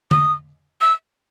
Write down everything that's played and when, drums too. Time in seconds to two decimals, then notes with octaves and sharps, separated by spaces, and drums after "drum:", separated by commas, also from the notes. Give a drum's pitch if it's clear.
0.11 D#6, drum: tom D3
0.81 E6